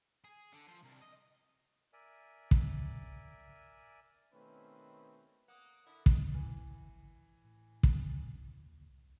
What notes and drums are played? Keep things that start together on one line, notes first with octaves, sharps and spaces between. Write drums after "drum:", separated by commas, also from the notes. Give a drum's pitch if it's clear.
G#4
D3
F3
C2
D#5
A#4 D5 E5 G#5
drum: kick
B2 D#3 A3 C4 C#4 B4
A#3 F#5 D#6
D3 E4
G#3 G4, drum: kick
G#1 E3
A2
drum: kick
D#2
C2